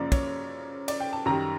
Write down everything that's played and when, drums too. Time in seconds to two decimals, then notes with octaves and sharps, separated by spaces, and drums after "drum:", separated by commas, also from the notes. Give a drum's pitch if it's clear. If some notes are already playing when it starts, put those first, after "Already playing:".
Already playing: F#2 C#3 F3 A#3 D5
0.12 C#5, drum: kick, cymbal
0.88 D5, drum: cymbal
1.00 G5
1.13 A5
1.26 F#2 D#3 G3 A#5